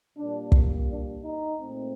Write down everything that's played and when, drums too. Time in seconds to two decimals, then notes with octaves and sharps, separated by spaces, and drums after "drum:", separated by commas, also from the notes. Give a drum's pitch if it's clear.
0.17 A#2 G3 A#3 D4
0.52 drum: kick
0.88 D4
1.23 D#4
1.58 A#2 A3 C4